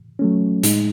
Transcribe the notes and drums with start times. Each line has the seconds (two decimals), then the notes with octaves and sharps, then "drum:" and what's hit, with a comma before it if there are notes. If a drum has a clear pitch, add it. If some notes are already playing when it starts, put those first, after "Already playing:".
0.19 F#3 A3 C#4
0.63 A2 G#3 D#4, drum: hi-hat